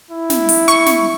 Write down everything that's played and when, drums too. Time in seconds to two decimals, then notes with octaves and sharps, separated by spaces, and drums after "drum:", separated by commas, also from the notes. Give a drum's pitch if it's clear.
0.11 E4
0.30 drum: snare
0.49 drum: open hi-hat
0.68 C#6, drum: hi-hat
0.86 drum: snare